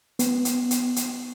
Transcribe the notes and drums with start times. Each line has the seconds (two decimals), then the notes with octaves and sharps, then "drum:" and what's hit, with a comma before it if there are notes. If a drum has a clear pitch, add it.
0.19 B3, drum: hi-hat
0.45 drum: hi-hat
0.71 drum: hi-hat
0.96 drum: hi-hat